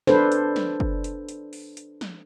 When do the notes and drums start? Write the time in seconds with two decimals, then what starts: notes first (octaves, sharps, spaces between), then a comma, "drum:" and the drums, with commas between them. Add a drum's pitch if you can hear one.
0.07 D4 A4 B4 C5, drum: snare
0.32 drum: hi-hat
0.56 drum: snare
0.80 drum: kick F#1
1.04 drum: hi-hat
1.29 drum: hi-hat
1.53 drum: open hi-hat
1.77 drum: hi-hat
2.01 drum: snare